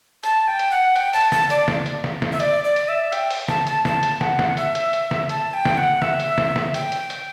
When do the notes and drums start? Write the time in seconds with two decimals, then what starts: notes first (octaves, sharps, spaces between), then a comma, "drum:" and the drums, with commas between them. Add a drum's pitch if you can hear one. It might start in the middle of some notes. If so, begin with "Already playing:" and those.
0.23 A5, drum: hi-hat
0.48 G5
0.59 drum: hi-hat
0.71 F#5
0.96 G5, drum: hi-hat
1.13 A5, drum: open hi-hat
1.32 A5, drum: snare
1.50 D5, drum: hi-hat
1.68 drum: snare
1.86 drum: hi-hat
2.04 drum: snare
2.22 drum: snare
2.33 E5
2.40 D5, drum: hi-hat
2.64 D5
2.76 drum: hi-hat
2.88 E5
3.12 G5, drum: hi-hat
3.30 drum: open hi-hat
3.48 A5, drum: snare
3.67 A5, drum: hi-hat
3.85 A5, drum: snare
4.03 drum: hi-hat
4.21 F#5, drum: snare
4.39 drum: snare
4.57 E5, drum: hi-hat
4.75 drum: hi-hat
4.93 drum: hi-hat
5.11 drum: snare
5.29 A5, drum: hi-hat
5.54 G5
5.65 drum: snare
5.78 F#5
6.02 E5, drum: snare
6.20 drum: hi-hat
6.38 drum: snare
6.56 drum: snare
6.74 G5, drum: hi-hat
6.92 drum: hi-hat
7.10 drum: hi-hat